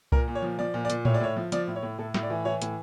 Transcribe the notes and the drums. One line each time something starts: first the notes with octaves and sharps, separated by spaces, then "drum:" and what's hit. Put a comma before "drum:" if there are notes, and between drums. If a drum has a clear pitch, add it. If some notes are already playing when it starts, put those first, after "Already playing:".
A#2 A#4, drum: kick C2
A#2
C#5
F3
F3 D5
A#2
D5
A#2, drum: hi-hat
A2 C#5, drum: tom A2
D5
A2 C#5
F3
F3 D5, drum: hi-hat
A2
C#5
A2
A2 A4
A2, drum: snare
D5
E3
E3 C#5
A2, drum: hi-hat